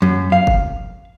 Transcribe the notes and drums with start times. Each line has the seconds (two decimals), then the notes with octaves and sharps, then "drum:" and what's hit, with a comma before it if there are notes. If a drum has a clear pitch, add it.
0.02 F#2
0.32 F5
0.47 drum: kick F#1